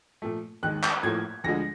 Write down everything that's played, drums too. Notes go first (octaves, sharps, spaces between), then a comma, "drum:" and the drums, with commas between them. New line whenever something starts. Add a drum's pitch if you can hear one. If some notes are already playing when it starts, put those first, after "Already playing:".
A#2 F3 A3
D#2 D#3 G#3 F#6
G6, drum: clap
A2 F3 A#3 G#6
D2 D3 F3 G#3 A#6